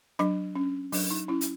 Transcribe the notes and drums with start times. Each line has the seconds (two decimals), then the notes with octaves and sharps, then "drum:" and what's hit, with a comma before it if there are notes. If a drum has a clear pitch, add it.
0.19 F#3 D4, drum: rim click
0.55 C#4
0.92 F#3 D4, drum: open hi-hat
1.11 D#4
1.28 C#4 E4
1.41 drum: hi-hat